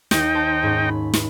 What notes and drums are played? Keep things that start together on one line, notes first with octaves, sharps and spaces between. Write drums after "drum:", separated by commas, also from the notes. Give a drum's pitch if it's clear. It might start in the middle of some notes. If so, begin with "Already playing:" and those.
D#2 D#4 G5, drum: snare
C5 A5
G#2 C#4
B5
drum: snare